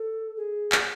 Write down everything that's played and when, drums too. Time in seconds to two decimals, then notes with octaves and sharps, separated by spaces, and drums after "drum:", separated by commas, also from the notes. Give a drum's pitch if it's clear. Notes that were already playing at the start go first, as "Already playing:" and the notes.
Already playing: A4
0.37 G#4
0.72 drum: clap